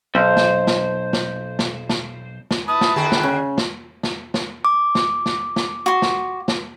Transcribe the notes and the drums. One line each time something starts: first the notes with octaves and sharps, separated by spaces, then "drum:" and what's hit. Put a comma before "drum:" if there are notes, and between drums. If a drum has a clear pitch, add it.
B1 C5
drum: snare
drum: snare
drum: snare
drum: snare
drum: snare
drum: snare
E4 B4 A5 D#6
drum: snare
D3 F#4 G#4 G5
drum: snare
C#3
drum: snare
drum: snare
drum: snare
D6
drum: snare
drum: snare
drum: snare
F#4 C6
drum: snare
drum: snare